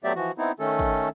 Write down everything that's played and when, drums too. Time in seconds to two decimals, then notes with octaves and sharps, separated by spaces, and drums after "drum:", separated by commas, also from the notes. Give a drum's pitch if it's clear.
0.04 F#3 A3 B3 G4 D5 E5
0.15 E3 F3 F#4
0.38 B3 C4 D#4 E4
0.60 D#3 A3 C#4 A4
0.79 drum: kick